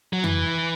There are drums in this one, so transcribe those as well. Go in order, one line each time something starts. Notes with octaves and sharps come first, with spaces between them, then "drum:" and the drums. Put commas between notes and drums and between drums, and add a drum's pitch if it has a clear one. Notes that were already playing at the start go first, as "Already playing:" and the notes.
F#3
E3, drum: tom F2